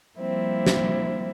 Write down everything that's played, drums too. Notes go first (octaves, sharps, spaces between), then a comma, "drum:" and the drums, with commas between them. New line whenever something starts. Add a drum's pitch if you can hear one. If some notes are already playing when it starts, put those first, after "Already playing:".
F3 G3 A#3 C4 E4
drum: snare